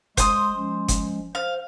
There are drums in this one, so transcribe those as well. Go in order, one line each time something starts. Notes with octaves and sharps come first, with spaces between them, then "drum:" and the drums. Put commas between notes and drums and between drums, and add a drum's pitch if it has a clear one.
G#3 C5 C6 D#6, drum: kick F#1, hi-hat
F3 G#3 C#4
drum: kick F#1, hi-hat
C5 F5